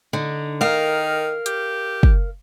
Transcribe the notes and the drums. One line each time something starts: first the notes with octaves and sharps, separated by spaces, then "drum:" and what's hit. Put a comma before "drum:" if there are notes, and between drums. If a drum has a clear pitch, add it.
D3 D#4
D#3 A#4 F5
G4, drum: hi-hat
drum: kick